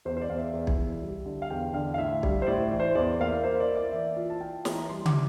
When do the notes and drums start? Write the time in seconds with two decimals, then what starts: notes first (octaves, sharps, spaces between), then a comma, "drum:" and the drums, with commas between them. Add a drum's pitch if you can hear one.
0.05 E2 C5
0.17 C5
0.21 D5
0.29 E2 F5
0.38 E5
0.53 E2
0.67 drum: kick
0.78 E2
1.02 G3
1.26 D3
1.42 F5
1.50 E2 G5
1.74 D3 F5
1.94 F5
1.98 A2 E5
2.23 G3, drum: kick
2.42 C5
2.47 A2 D5
2.72 E3
2.80 C5
2.95 E2 D5
3.20 A#3 F5
3.27 E5
3.44 A#3 C5
3.60 D5
3.68 E4
3.75 D5
3.92 E3 E5
4.16 F4
4.30 A5
4.41 F4 G5
4.65 E3, drum: snare
4.73 A#5
4.89 G3 C6
5.06 D6, drum: tom C#3
5.13 E3